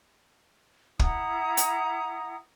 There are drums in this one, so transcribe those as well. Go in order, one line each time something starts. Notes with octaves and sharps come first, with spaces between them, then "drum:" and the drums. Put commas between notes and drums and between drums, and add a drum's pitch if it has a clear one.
E4 F#5 A#5 D#6, drum: kick
drum: hi-hat